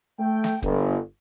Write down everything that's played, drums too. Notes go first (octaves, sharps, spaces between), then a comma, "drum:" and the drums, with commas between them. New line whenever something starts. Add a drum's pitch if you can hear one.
A3 G5
drum: snare
G1, drum: kick